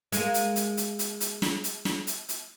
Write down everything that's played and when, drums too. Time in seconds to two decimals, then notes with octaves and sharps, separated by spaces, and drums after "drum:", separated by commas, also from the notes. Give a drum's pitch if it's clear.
0.12 G#3 A#3, drum: hi-hat
0.34 drum: hi-hat
0.56 drum: hi-hat
0.77 drum: hi-hat
0.99 drum: hi-hat
1.20 drum: hi-hat
1.42 drum: snare
1.64 drum: hi-hat
1.85 drum: snare
2.07 drum: hi-hat
2.29 drum: hi-hat